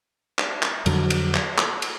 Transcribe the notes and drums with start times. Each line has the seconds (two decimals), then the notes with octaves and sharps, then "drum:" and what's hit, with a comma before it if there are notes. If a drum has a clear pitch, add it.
0.39 drum: clap
0.63 drum: clap
0.86 F2 D3 F#3, drum: cymbal
1.10 drum: cymbal
1.34 drum: clap
1.58 drum: clap
1.82 drum: cymbal